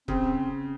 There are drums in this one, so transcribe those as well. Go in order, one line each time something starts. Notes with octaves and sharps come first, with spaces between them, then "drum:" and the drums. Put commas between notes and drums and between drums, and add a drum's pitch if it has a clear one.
C#3 C4, drum: kick